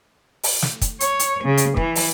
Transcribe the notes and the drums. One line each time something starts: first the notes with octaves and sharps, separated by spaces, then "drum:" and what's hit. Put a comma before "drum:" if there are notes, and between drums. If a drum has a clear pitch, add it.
drum: open hi-hat
drum: snare
drum: kick, hi-hat
C#5, drum: hi-hat
drum: hi-hat
C#3
drum: hi-hat
E3, drum: kick
drum: open hi-hat